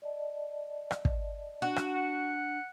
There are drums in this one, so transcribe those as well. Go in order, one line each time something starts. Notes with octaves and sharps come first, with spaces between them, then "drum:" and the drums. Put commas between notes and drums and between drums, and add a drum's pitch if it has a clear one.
D5 D#5 A5
drum: rim click
drum: kick
D4 F#4
drum: rim click
F#5